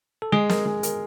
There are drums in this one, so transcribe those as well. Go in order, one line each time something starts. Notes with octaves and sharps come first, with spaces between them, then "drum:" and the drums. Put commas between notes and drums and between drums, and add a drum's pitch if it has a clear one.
A4
G#3 G#4
A#4, drum: snare
G#3
A#4, drum: hi-hat